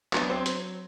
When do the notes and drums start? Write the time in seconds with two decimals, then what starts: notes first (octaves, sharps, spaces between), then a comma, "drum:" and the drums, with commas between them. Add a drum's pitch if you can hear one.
0.13 F#3 B3 D4, drum: clap
0.30 C4
0.46 drum: hi-hat